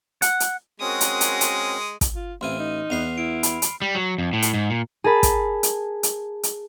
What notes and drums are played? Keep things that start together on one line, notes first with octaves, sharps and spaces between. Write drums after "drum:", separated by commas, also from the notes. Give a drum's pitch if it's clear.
F#5, drum: hi-hat
drum: hi-hat
G#3 C4 C#4 F#4 A#4 D#6
drum: hi-hat
drum: hi-hat
drum: hi-hat
drum: kick, hi-hat
F4
A1 C4 E4 F4 C6 F6 D#7
D#4
E2 B3 B4 C7 F7
E4 D7
B5, drum: hi-hat
drum: hi-hat
G3
F#3
F2
A2
drum: hi-hat
G#2
A#2
G#4 A#4 A5 B5
drum: kick, hi-hat
drum: hi-hat
drum: hi-hat
drum: hi-hat